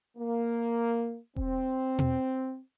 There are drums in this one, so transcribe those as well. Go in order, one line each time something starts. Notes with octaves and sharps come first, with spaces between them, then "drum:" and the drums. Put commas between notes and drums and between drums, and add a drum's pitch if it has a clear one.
A#3
C4, drum: kick E1
drum: tom B2